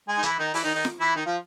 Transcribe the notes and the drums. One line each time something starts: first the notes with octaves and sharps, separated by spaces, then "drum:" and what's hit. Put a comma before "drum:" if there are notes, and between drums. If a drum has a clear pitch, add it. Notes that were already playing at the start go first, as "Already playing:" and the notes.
G#3 G#4
D#4
E3 E4, drum: hi-hat
D#3 D#4
E3 E4, drum: open hi-hat
D#3 D#4
D#3 D#4
drum: snare F4
E3 E4
D#3 D#4
F3 F4